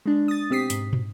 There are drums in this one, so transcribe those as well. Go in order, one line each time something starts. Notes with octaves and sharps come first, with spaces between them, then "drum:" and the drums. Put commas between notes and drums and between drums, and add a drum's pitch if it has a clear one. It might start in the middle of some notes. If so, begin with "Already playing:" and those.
G#3 D4
D#6 A6
B2 C4 G4 D#6 B6 C7
G#2, drum: hi-hat
drum: tom